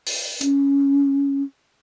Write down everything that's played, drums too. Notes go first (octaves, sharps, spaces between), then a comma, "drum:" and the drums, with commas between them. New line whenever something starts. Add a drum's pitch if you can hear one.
drum: open hi-hat
C#4, drum: hi-hat